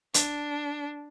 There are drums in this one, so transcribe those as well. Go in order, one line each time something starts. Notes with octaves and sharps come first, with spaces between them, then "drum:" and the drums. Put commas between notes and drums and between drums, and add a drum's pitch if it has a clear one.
D4, drum: hi-hat